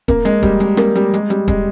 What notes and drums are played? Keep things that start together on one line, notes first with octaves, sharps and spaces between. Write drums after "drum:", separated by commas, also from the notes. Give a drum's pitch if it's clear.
A#3, drum: kick D#1, hi-hat
G#3, drum: hi-hat
G3, drum: kick D#1, hi-hat
G#3, drum: hi-hat
A#3, drum: rim click
G3, drum: hi-hat
G#3, drum: hi-hat
G3, drum: hi-hat
G#3, drum: kick D#1, hi-hat